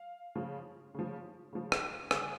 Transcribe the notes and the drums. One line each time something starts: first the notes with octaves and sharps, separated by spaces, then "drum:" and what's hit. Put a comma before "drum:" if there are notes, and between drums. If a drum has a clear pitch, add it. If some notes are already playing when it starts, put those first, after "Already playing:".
Already playing: F5
C#3 F3
C#3 F3
C#3 F3
drum: rim click
C#3 G3 G#5, drum: rim click